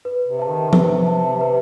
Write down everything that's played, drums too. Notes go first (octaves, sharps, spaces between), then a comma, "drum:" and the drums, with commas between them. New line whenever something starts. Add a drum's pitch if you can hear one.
B4
C3
E5 A5
D#3
C3 B4, drum: tom F3
E5 A5
B4